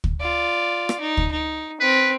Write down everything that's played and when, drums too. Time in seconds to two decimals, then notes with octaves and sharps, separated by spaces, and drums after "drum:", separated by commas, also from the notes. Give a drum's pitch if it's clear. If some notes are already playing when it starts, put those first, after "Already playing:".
0.04 drum: kick
0.20 F4 D5
0.89 drum: rim click
1.01 D#4
1.17 drum: kick
1.32 D#4
1.80 C4 B4